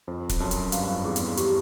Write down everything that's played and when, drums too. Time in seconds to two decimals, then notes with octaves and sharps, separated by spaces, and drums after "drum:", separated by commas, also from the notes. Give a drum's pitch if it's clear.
0.08 F2 C5
0.29 drum: kick, hi-hat
0.40 F#2 A5
0.51 drum: hi-hat
0.72 G2 F5, drum: hi-hat
0.89 F2
1.05 E2 G#4
1.16 drum: hi-hat
1.37 G4, drum: hi-hat